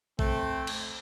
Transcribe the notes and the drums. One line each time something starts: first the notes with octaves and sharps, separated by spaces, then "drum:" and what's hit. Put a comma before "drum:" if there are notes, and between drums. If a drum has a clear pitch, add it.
A3 C4, drum: kick
drum: cymbal